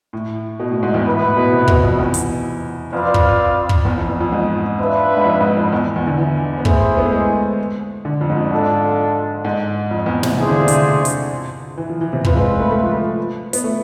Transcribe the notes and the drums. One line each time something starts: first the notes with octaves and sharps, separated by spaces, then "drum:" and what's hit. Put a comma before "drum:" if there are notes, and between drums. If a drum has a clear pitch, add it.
A2
B2
A2
G#2
E2
B3 E4 B4
A2
B2
C3
B2, drum: kick
F2
E2
drum: hi-hat
F2 C4 F4 B4 D5 F5
drum: kick
drum: kick
E2
F2
E2
F2
G#2
D4 F4 B4 E5
G#2
F2
G#2
F2
E2
E2
D3
E3
B3
A3 E4 G#4 C5, drum: kick
B3
A3
G#3
D3
F2
G#2
F2
G#2 D4 F4 A4
G#2
F2
E2
C3, drum: snare
E3 A3 D4 F4 G#4 C5
D3
C3
D3, drum: hi-hat
drum: hi-hat
E3
F3
E3
C3
F3 C4 F4 B4, drum: kick
G#3
A3
A3
F3
F3
B3, drum: hi-hat
A3